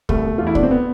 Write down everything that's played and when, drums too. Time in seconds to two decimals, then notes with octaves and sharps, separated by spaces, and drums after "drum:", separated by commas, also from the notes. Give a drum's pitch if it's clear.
0.09 C2 A3, drum: kick
0.24 B2
0.38 E2 F4
0.47 E4
0.55 B2 D4, drum: kick
0.63 C4
0.71 B3